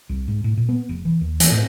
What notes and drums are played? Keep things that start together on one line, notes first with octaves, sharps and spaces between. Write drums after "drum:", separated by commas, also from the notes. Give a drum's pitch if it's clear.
C2
G#2
A2
A#2
B3
F1
E3
D#2
E3, drum: hi-hat
A2